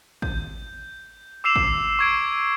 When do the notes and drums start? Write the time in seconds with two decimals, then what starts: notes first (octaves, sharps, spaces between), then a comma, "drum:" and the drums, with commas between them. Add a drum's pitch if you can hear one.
0.22 G6, drum: kick
1.44 D6 E6 C7 E7 F7
1.56 drum: kick
1.99 C#6 G#6 D7